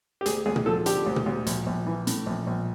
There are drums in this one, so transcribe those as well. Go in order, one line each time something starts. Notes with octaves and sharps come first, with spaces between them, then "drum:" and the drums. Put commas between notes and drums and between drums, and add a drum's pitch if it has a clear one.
G4
D2 G#4, drum: hi-hat
D2 G#4
drum: tom A#2
F3 A4
D3 G4, drum: hi-hat
D2
drum: tom A#2
D2
A#1, drum: hi-hat
A#1
E3
A2, drum: hi-hat
A#1
A#1